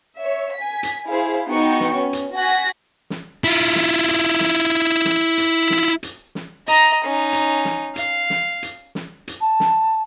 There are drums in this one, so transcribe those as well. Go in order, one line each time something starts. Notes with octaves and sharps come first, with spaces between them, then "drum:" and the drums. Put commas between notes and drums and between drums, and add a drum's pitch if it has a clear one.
C#5 E5
G#5 B6
drum: hi-hat
E4 G#4 C5 F5
B3 D#4 F#4 G5 C#6
drum: snare
C#4
drum: hi-hat
F#4 G#5 F#6 A#6 B6
drum: snare
E4 F4
drum: snare
drum: hi-hat
drum: snare
drum: snare
drum: hi-hat
drum: snare
drum: hi-hat
drum: snare
D#5 A#5, drum: hi-hat
C#4 D#4
drum: hi-hat
drum: snare
F5, drum: hi-hat
drum: snare
drum: hi-hat
drum: snare
drum: hi-hat
A5
drum: snare